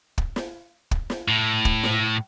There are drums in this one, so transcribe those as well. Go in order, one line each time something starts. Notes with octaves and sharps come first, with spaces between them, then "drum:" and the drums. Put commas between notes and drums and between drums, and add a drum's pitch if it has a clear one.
drum: kick
drum: snare
drum: kick
drum: snare
A2
drum: kick
drum: snare